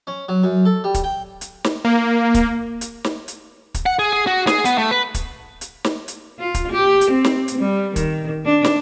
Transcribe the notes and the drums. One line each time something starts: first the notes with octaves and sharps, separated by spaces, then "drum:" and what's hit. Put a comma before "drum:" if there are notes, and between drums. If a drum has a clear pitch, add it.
C#4
F#3
F#2
A4
G3
drum: kick, hi-hat
G5
drum: hi-hat
drum: snare
A#3
drum: kick, hi-hat
drum: hi-hat
drum: snare
drum: hi-hat
drum: kick, hi-hat
F#5
G#4
G#4
F#4
G#4, drum: snare
B3, drum: hi-hat
A3
B4
drum: kick, hi-hat
drum: hi-hat
drum: snare
drum: hi-hat
F4
drum: kick, hi-hat
G4
drum: hi-hat
C4
drum: snare
drum: hi-hat
G3
D#3, drum: kick, hi-hat
D4
drum: snare